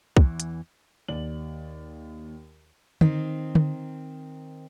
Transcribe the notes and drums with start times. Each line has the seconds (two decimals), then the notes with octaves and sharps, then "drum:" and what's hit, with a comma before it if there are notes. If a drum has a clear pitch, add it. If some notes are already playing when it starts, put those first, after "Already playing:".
0.17 E2 E3, drum: kick
0.40 drum: hi-hat
1.08 D#2 D5 F#7
3.01 D#3 C4, drum: tom D3
3.55 drum: tom D3